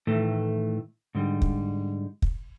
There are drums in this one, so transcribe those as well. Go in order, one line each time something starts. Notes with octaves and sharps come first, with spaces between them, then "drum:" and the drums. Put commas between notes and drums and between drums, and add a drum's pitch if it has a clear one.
A2 D#3 E3 A3
G#2 D3 G3
drum: kick
drum: kick